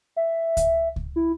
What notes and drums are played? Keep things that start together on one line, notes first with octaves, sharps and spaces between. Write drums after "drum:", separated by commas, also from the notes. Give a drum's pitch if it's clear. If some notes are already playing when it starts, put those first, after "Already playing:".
E5
drum: kick C#2, hi-hat
drum: kick C#2
E4